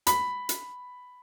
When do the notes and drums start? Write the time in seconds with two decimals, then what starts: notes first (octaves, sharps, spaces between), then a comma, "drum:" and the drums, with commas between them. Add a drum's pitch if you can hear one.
0.07 B5, drum: hi-hat
0.49 drum: hi-hat